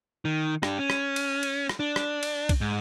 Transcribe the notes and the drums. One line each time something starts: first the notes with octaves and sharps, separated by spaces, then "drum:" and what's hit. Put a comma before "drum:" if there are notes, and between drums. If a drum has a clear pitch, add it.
D#3
D4 G4, drum: rim click
C#4
drum: rim click
drum: cymbal
drum: cymbal
drum: rim click
D4
drum: rim click
drum: cymbal
drum: kick, cymbal
G#2